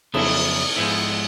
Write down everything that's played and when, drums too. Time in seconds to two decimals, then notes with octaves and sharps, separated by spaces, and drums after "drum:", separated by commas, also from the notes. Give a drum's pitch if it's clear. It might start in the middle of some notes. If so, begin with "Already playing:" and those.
0.14 F2 C#3 F#3 B3 E4, drum: cymbal
0.76 G#2 F3 G#3 B3 E4